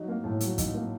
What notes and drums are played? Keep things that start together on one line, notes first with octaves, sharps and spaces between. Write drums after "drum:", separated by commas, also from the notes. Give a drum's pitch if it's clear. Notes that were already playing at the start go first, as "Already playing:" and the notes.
Already playing: F#3 D#4
A#3
A2
F#3, drum: hi-hat
D#4, drum: kick, hi-hat
A#3